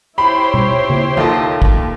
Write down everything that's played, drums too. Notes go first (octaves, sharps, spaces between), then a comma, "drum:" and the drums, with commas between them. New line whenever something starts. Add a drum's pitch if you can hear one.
E4 G4 C5 C#5 B5
drum: tom B2
drum: tom C#3
D#2 F4 A4 D#5
drum: kick